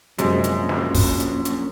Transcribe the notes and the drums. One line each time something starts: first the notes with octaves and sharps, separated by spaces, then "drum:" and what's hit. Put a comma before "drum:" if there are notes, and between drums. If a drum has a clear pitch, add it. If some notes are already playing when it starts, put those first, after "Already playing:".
A#1 F#2 C3 G#3 A#3 C#4, drum: hi-hat
drum: hi-hat
drum: snare
drum: kick, open hi-hat
drum: hi-hat
drum: hi-hat